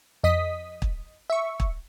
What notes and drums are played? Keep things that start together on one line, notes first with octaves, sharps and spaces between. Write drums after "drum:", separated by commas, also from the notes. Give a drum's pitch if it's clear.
F2 D#5 D#6 B6
drum: kick
E5 C#6
drum: kick